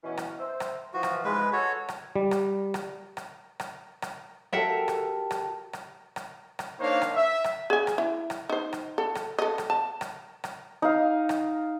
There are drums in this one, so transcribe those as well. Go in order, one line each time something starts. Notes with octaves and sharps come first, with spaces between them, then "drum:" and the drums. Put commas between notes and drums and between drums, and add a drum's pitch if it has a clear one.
B2 E3 C#4
drum: rim click
C5 E5
drum: rim click
E3 F3 F#4
drum: rim click
G#2 C3 F3 G#3 B4
F#4 A4 C#5
drum: rim click
G3
drum: rim click
drum: rim click
drum: rim click
drum: rim click
drum: rim click
F#4 G4 A4 A#4 E5 F#5
drum: rim click
drum: rim click
drum: rim click
drum: rim click
drum: rim click
A#3 D4 D#4 C5 C#5 F5
drum: rim click
E5
drum: rim click
G#4 G#5
drum: rim click
E4
drum: rim click
D#4 C5
drum: rim click
A4
drum: rim click
A4 D#5
drum: rim click
A5
drum: rim click
drum: rim click
D#4 F5
drum: rim click